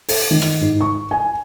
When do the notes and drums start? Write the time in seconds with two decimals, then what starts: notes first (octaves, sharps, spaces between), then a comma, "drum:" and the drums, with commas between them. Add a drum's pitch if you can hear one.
0.08 A4, drum: open hi-hat
0.31 D#3
0.42 drum: rim click
0.61 G#2
0.81 C#6
1.11 G#5